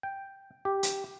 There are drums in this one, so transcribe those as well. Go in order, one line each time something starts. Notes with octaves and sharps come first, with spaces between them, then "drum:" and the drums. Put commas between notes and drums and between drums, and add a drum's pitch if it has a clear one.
G5
G4
drum: hi-hat